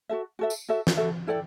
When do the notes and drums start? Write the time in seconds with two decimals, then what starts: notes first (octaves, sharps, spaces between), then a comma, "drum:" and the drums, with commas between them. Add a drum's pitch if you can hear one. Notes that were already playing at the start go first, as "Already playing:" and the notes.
0.09 F#4 A4 E5
0.39 F#4 A4 E5
0.50 drum: tambourine
0.69 F#4 A4 E5
0.87 drum: snare
0.97 F#4 A4 E5
1.27 E4 A4 D5 G5